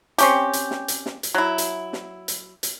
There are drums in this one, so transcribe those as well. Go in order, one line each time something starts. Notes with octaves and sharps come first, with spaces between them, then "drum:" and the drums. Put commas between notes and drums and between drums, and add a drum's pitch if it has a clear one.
C4 C#4 G4, drum: hi-hat
drum: hi-hat
drum: snare
drum: hi-hat
drum: snare
drum: hi-hat
F#3 E4
drum: hi-hat
drum: snare
drum: hi-hat
drum: hi-hat